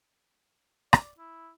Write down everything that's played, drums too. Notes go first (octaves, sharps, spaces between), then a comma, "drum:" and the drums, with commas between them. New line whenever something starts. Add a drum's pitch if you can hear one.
D5, drum: rim click
E4